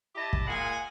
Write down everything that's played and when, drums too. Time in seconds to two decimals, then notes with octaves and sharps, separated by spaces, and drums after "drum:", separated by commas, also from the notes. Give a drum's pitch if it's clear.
0.15 E4 G4 D#5 A5
0.33 drum: kick
0.47 A#2 G#3 F#5 G#5